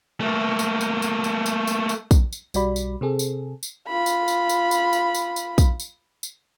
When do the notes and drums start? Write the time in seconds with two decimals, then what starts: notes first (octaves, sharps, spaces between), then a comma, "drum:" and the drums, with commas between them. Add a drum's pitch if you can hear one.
0.21 A3 A#3
0.59 drum: tambourine
0.81 drum: tambourine
1.02 drum: tambourine
1.24 drum: tambourine
1.46 drum: tambourine
1.67 drum: tambourine
1.89 drum: tambourine
2.11 drum: kick, tambourine
2.33 drum: tambourine
2.54 B1 G3 F#4 D5 B5, drum: tambourine
2.76 drum: tambourine
3.01 C3 C4 G#4 A4
3.19 drum: tambourine
3.63 drum: tambourine
3.88 F4 B5
4.06 drum: tambourine
4.28 drum: tambourine
4.49 drum: tambourine
4.71 drum: tambourine
4.93 drum: tambourine
5.15 drum: tambourine
5.36 drum: tambourine
5.58 drum: kick, tambourine
5.80 drum: tambourine
6.23 drum: tambourine